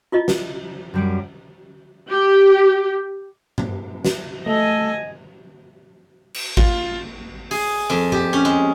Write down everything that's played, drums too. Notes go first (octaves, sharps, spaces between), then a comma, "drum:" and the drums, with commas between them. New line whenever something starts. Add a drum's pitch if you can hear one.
E4 F4 D#5
drum: snare
F#2 G3 D7
G4
drum: tom G2
drum: snare
A3 A4 D#5 G#5
drum: cymbal
F4, drum: kick
G#4, drum: open hi-hat
F2
G4, drum: tom G#2
C#4
G#3